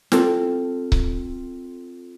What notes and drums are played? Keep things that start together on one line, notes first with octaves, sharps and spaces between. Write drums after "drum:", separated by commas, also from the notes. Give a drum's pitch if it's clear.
C4 F4 A4, drum: snare
drum: kick C#1